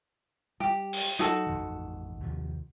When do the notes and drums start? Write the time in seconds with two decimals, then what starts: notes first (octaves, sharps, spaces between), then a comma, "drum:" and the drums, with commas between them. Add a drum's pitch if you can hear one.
0.60 G3 G4
0.93 drum: open hi-hat
1.19 F#3 D#4 F#4 A4, drum: hi-hat
1.47 A1 F2 E3
2.20 D#2 C3 F3